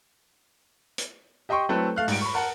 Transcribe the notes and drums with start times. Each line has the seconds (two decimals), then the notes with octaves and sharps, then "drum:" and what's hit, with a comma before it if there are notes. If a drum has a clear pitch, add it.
0.98 drum: hi-hat
1.49 G4 D#5 G5 C6 C#6
1.69 F#3 A3 C4 E4 A4 B4
1.96 A3 F5 F#6
2.08 G#2 G3 D7, drum: open hi-hat
2.21 B5 C#6
2.34 A#4 F#5 A5